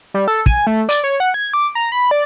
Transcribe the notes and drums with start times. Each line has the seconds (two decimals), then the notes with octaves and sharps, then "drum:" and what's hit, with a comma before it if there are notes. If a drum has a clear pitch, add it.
0.14 G3
0.28 A4
0.46 G#5, drum: kick
0.67 A3
0.89 D5, drum: hi-hat
1.04 C#5
1.20 F#5
1.34 G#6
1.54 D6
1.75 A#5
1.92 B5
2.11 D5